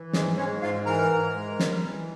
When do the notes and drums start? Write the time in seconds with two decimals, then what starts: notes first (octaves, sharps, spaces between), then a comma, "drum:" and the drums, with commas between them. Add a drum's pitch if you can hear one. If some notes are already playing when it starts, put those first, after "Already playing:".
Already playing: E3
0.13 G#2 G#3 G#4, drum: snare
0.38 G#3 C#4 C#5
0.62 G#2 F4 F5
0.86 E3 A#4 A#5
1.11 G#2
1.35 G#3
1.60 G3, drum: snare
1.84 E3